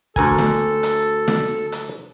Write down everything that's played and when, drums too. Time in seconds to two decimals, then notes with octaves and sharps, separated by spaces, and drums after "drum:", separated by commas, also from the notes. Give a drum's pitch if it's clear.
0.16 D2 A4 A#4 G#5, drum: kick
0.38 drum: snare
0.83 drum: hi-hat
1.28 drum: snare
1.72 drum: hi-hat